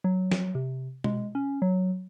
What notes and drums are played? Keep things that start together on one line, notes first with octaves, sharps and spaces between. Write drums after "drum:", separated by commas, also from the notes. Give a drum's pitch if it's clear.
F#3
drum: snare
C3
G#3, drum: tom B2
C#4
F#3